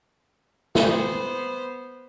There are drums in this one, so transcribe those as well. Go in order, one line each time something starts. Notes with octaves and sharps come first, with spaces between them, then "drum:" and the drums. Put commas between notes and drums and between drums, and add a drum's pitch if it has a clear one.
B3 C5, drum: snare